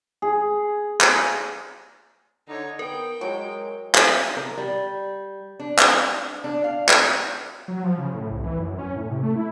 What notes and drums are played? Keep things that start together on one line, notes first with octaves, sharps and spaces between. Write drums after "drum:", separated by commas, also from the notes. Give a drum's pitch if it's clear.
G#4
drum: clap
D3 D#4 C#5
B3 A#4 G5
F#3 G#3
drum: clap
A#4
G3
D4
drum: clap
D4
F5
drum: clap
F#3
F3
C#3
A2
C2
E3
F#2
C#4
A2
C3
A3
E4